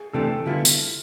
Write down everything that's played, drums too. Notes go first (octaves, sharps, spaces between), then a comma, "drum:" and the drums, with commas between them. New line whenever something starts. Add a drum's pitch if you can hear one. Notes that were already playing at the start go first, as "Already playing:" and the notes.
Already playing: G#4
C3 E3 A3 D4 G4 A4
D3 G3 B3 E4 F4
drum: tambourine